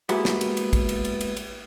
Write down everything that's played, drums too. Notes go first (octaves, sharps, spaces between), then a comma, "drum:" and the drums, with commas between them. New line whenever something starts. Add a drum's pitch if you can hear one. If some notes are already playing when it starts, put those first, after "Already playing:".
G#3 A#3 B3 E4 F#4 G4, drum: cymbal
drum: snare
drum: cymbal
drum: cymbal
drum: kick A1, cymbal
drum: cymbal
drum: cymbal
drum: cymbal
drum: cymbal